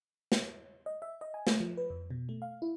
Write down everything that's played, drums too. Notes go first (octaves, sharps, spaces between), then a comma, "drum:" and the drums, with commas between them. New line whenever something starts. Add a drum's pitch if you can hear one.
drum: snare
D#5
E5
D#5
G#5
A3, drum: snare
F3
B4
F2
B2
A3
F5
E4